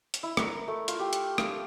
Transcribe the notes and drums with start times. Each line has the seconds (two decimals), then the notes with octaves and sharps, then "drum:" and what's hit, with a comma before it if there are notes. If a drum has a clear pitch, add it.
0.14 drum: hi-hat
0.23 E4
0.37 A#4, drum: rim click
0.68 A3
0.88 F4, drum: hi-hat
0.99 G4
1.13 drum: hi-hat
1.38 F5, drum: rim click